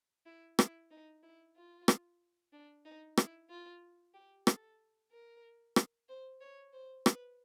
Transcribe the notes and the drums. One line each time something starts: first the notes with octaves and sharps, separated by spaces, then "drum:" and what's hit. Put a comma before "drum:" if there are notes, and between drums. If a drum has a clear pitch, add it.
E4
E4, drum: rim click
D#4
E4
F4
drum: rim click
D4
D#4
E4, drum: rim click
F4
G4
A4, drum: rim click
A#4
drum: rim click
C5
C#5
C5
B4, drum: rim click